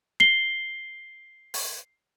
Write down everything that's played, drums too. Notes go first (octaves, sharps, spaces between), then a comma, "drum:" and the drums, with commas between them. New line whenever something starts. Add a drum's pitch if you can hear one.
C7 G7
drum: open hi-hat